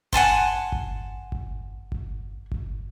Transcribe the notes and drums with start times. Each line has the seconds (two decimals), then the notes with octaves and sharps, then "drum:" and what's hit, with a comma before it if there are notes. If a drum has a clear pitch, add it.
0.13 F#5 G#5 A5 C6, drum: kick G1
0.72 drum: kick G1
1.32 drum: kick G1
1.92 drum: kick G1
2.52 drum: kick G1